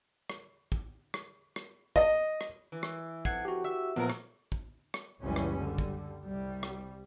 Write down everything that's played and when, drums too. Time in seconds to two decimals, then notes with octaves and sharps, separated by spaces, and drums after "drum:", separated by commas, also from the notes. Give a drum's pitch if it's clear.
0.30 drum: rim click
0.72 drum: kick
1.14 drum: rim click
1.56 drum: rim click
1.96 D#5, drum: kick
2.41 drum: rim click
2.72 E3
2.83 drum: rim click
3.25 F2 F#5 G#6 C7, drum: kick
3.45 F#4 G4
3.64 E5
3.96 A#2 F3 B3 A#4
4.10 drum: rim click
4.52 drum: kick
4.94 drum: rim click
5.23 F#1 C#2 E3 G3 C#4
5.36 drum: rim click
5.58 D3 G3
5.78 drum: kick
6.27 C2 G3
6.63 drum: rim click